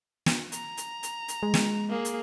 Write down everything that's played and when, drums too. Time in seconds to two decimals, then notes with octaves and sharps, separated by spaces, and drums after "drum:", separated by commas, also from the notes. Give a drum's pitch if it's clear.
0.26 drum: snare
0.52 A#5, drum: hi-hat
0.77 drum: hi-hat
1.03 drum: hi-hat
1.28 drum: hi-hat
1.43 G#3
1.54 drum: snare
1.90 A#3 G#4
2.05 drum: hi-hat